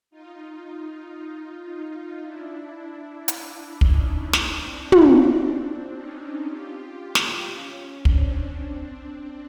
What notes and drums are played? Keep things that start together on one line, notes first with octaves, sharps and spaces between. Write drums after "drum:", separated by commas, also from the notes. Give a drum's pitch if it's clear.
D#4 F4
D#4 F4
D4 E4
D4 E4, drum: hi-hat
C#4 D#4, drum: kick
C4 D4, drum: snare
drum: tom
C#4 D#4
F4 G4
drum: snare
C#4
C4 D4, drum: kick
C4 D4